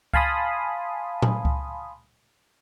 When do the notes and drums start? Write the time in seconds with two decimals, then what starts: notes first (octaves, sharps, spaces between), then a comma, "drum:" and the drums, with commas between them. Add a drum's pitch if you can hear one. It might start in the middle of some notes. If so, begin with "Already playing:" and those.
0.13 F5 G#5 A5 B5 C6 D#6, drum: kick C#2
1.22 drum: tom A#2
1.45 drum: kick C#2